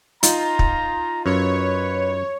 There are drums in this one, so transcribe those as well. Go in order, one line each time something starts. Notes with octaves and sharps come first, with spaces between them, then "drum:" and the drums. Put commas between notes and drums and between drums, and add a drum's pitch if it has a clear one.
D#4 F4 A#5, drum: hi-hat
drum: kick
F#2 B4 C#5